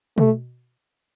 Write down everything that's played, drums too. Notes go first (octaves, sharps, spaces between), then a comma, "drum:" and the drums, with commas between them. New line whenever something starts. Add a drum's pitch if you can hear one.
A3, drum: tom B2